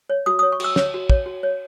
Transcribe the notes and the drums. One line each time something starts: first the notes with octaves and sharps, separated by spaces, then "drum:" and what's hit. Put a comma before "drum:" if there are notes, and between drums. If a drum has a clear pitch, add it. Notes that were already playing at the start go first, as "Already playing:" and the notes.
C#5
F#4 D#6
C#5 D#6
C#6
F#4 E6, drum: cymbal
C#5, drum: snare
F#4
C#5, drum: kick
F#4
C#5